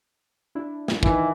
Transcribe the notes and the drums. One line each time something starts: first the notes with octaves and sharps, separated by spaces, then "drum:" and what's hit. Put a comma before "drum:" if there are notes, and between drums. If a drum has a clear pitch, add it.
D4 E4
drum: snare
D#3 E3, drum: kick